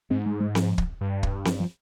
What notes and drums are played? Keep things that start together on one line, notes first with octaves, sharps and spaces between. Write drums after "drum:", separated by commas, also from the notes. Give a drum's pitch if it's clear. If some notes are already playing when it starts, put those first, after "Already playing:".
G#2 C4
G#3
G#3
F3, drum: snare C4
drum: kick
G2
drum: kick
F3, drum: snare C4
F3